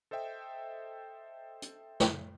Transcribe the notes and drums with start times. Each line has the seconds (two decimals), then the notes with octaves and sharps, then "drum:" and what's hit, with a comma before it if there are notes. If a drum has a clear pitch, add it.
0.11 A4 C5 D#5 E5 G5
1.62 drum: hi-hat
2.00 drum: snare